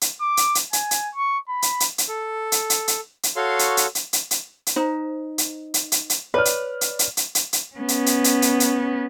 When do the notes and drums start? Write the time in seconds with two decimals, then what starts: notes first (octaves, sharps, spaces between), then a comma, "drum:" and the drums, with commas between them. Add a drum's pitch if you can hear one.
0.01 drum: hi-hat
0.21 D6
0.37 drum: hi-hat
0.55 drum: hi-hat
0.73 G#5, drum: hi-hat
0.91 drum: hi-hat
1.16 C#6
1.49 B5
1.62 drum: hi-hat
1.80 drum: hi-hat
1.98 drum: hi-hat
2.08 A4
2.52 drum: hi-hat
2.70 drum: hi-hat
2.88 drum: hi-hat
3.23 drum: hi-hat
3.36 F#4 A4 C#5 F5 C6
3.59 drum: hi-hat
3.77 drum: hi-hat
3.95 drum: hi-hat
4.13 drum: hi-hat
4.31 drum: hi-hat
4.66 drum: hi-hat
4.76 D#4 C5 A#5
5.38 drum: hi-hat
5.74 drum: hi-hat
5.92 drum: hi-hat
6.10 drum: hi-hat
6.34 B4 C#5 D5 F6
6.45 drum: hi-hat
6.81 drum: hi-hat
6.99 drum: hi-hat
7.17 drum: hi-hat
7.35 drum: hi-hat
7.53 drum: hi-hat
7.76 B3 C#4
7.88 drum: hi-hat
8.06 drum: hi-hat
8.24 drum: hi-hat
8.42 drum: hi-hat
8.60 drum: hi-hat